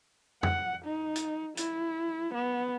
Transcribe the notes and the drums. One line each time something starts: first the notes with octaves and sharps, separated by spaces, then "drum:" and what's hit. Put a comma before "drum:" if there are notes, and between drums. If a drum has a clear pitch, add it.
F#5, drum: tom F2
D#4
drum: hi-hat
E4, drum: hi-hat
B3